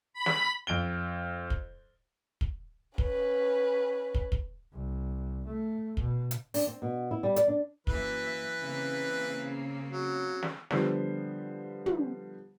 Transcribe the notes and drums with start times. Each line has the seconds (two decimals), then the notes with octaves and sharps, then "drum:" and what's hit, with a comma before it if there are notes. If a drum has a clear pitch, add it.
0.13 B5
0.26 drum: snare
0.67 F2 D7 G7
1.50 drum: kick
2.41 drum: kick
2.98 C#4 B4, drum: kick
4.15 drum: kick
4.32 drum: kick
4.73 C2
5.46 A3
5.97 B2, drum: kick
6.31 drum: hi-hat
6.54 D4, drum: open hi-hat
6.67 C4
6.82 B2
7.11 E4
7.23 G3
7.36 D5, drum: hi-hat
7.48 D4
7.87 F#2 E3 A#3 B4 E5, drum: kick
8.62 C#3 A#3 C4
9.91 F#3
10.43 drum: snare
10.71 D3 F3 G3 B3 C5, drum: snare
11.86 drum: tom